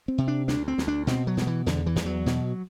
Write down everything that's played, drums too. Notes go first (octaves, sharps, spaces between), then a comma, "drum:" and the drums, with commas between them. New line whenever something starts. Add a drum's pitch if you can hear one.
C4
C3
D4
D2 D4, drum: snare
C4
D2, drum: snare
D4
B2 C4, drum: snare
F#3
B2 F#3, drum: snare
E3
E2 D3, drum: snare
E3
E2, drum: snare
F#3
B2, drum: snare